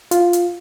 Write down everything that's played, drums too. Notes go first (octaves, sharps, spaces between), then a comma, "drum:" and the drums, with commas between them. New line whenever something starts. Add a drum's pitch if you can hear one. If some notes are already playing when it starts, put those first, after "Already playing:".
F4, drum: hi-hat
drum: hi-hat